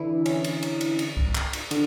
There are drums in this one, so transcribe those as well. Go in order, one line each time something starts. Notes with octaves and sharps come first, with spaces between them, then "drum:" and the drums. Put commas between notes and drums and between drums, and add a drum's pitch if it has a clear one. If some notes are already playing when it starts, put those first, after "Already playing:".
Already playing: D3 E3 D4 E4
C#4, drum: cymbal
drum: cymbal
drum: cymbal
drum: cymbal
drum: cymbal
drum: kick C2
drum: clap
drum: cymbal
D3, drum: cymbal